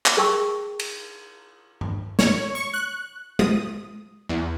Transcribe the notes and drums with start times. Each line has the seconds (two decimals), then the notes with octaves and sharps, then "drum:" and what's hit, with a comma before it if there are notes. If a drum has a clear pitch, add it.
0.06 drum: clap
0.17 G#4 A#4 G5 A5 C#6 E6
0.79 drum: cymbal
1.81 drum: tom G2
2.19 C#5, drum: snare
2.55 C#6
2.74 F#6
3.39 D#6, drum: tom G#3
4.29 E2